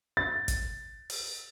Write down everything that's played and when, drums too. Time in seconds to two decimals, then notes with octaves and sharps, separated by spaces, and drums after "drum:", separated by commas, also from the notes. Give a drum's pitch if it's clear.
0.17 A6
0.48 drum: kick, hi-hat
1.10 drum: open hi-hat